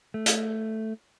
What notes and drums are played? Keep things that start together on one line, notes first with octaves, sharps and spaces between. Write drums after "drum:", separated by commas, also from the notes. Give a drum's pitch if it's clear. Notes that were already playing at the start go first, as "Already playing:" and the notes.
A3
drum: hi-hat